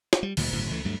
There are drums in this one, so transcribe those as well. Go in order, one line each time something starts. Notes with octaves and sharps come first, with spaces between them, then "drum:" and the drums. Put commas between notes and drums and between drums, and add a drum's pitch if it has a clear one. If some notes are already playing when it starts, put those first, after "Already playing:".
drum: snare
G3
D2 A#2 D#3 G3, drum: cymbal
G1 A2 C#3 F#3
C#2 E3 A3
D2 G2 F#3 A3